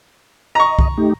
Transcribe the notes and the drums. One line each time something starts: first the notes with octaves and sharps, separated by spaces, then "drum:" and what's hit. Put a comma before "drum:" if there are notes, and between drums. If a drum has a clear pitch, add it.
D#5 A#5 C#6
drum: kick C2
A3 D#4 G4